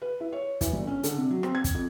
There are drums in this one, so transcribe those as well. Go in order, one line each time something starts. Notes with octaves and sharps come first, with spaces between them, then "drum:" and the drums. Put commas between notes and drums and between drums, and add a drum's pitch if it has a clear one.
B4
E4
C#5
E3, drum: kick, hi-hat
G1
C#4
D3, drum: hi-hat
C3
F#3
C4, drum: rim click
G#6
drum: kick, hi-hat
F2